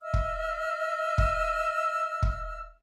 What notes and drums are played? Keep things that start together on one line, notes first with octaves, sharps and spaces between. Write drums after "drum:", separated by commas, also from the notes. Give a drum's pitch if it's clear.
D#5 E5 E6 F6
drum: kick
drum: kick
drum: kick